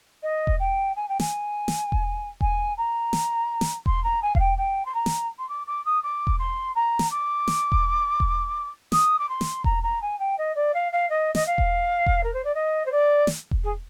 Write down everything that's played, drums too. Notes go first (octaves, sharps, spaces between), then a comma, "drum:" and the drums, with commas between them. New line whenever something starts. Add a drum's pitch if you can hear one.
D#5
drum: kick E1
G5
G#5
G5
G#5, drum: snare
drum: snare
drum: kick E1
G#5, drum: kick E1
A#5
drum: snare
drum: snare
C6, drum: kick E1
A#5
G#5
F5, drum: kick E1
G5
G5
C6
A#5
drum: snare
C6
D6
D6
D#6
D6
drum: kick E1
C6
A#5
drum: snare
D6
drum: snare
drum: kick E1
drum: kick E1
D#6, drum: snare
D6
C6
drum: snare
A#5, drum: kick E1
A#5
G#5
G5
D#5
D5
F5
F5
D#5
D#5, drum: snare
F5
drum: kick E1
drum: kick E1
A#4
C5
D5
D#5
C5
D5
drum: snare
drum: kick E1
G#4